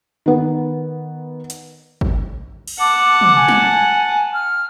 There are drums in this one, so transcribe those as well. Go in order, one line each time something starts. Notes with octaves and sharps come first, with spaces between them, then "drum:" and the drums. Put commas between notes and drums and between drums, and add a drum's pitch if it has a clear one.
D#3 B3
drum: hi-hat
drum: kick
drum: cymbal
F#5 A5 D6
drum: tom
G#5
drum: snare
F6